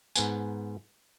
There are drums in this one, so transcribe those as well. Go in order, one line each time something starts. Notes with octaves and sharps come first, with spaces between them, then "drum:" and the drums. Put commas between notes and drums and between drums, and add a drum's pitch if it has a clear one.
G#2 B3 G#5, drum: tambourine